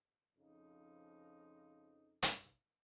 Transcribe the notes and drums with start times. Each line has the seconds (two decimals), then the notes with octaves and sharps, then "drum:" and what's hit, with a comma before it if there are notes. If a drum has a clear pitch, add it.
0.36 F2 C#3 F3 D#4
2.22 drum: hi-hat